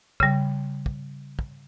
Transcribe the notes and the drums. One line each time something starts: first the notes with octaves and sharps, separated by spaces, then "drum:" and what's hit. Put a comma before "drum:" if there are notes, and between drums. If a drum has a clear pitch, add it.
C#3 G3, drum: kick
drum: kick
drum: kick